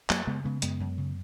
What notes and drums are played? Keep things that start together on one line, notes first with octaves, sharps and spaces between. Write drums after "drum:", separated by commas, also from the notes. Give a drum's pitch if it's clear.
F#2 F#3 A#3, drum: clap
C#3 G#3 B3
C#3 G#3 B3
F#2 G#3 B3, drum: hi-hat
F#2
C#3